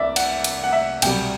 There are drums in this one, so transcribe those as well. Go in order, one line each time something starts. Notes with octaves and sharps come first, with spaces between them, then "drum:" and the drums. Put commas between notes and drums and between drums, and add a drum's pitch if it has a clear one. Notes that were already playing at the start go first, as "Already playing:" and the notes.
Already playing: C2 E3 D5 E5
F#5, drum: cymbal
drum: cymbal
F#5
E5
C2 B2 G3 G5, drum: cymbal